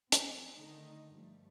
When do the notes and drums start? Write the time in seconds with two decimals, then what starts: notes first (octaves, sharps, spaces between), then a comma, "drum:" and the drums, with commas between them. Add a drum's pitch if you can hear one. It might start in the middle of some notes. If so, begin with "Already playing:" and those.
0.12 F3 B3 C4, drum: hi-hat
0.57 D3 D#3 A3 D#4 D#5
1.11 G2 F3 G3 A3